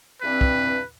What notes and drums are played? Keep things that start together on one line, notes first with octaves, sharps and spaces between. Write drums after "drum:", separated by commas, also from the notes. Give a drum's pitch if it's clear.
G2 E3 G3 C4 B4
drum: kick